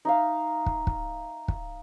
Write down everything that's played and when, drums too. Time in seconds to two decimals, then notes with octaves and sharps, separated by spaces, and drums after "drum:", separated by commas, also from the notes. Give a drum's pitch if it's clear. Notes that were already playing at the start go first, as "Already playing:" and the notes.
0.05 D#4 E5 F5
0.66 drum: kick
0.87 drum: kick
1.48 drum: kick